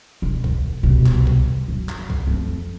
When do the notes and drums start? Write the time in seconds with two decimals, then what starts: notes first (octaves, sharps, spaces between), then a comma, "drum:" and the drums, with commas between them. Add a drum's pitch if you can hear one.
0.22 E1
0.44 drum: kick B1
0.83 C2 B2
1.06 drum: clap
1.27 drum: kick B1
1.68 F#2
1.89 drum: clap
2.10 drum: kick B1
2.27 F2 A3